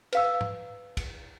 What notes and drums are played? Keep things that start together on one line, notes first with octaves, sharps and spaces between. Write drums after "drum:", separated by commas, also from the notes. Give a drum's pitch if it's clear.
B4 F5 E6, drum: cymbal
drum: tom G#2
drum: kick, cymbal